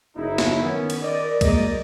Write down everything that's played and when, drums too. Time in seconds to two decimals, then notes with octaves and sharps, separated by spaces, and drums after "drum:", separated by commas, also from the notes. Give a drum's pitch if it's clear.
0.17 F#1 D#4 E4
0.38 drum: snare
0.62 D#3 B3 C#4
0.90 drum: cymbal
1.02 A#4 D5 D#5
1.41 F#3 G#3 A#3 A#4 D5 D#5, drum: kick C2, cymbal